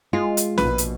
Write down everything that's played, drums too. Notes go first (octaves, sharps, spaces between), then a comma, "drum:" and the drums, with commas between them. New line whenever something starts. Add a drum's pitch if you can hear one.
G#3 F4
drum: hi-hat
A#1 B2 B4, drum: snare C#4
drum: hi-hat